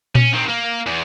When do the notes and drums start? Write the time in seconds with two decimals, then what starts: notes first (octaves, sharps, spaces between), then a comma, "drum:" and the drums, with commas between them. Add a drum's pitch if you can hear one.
0.15 C#4, drum: tom A#2
0.33 D#3 C4
0.48 A#3
0.86 E2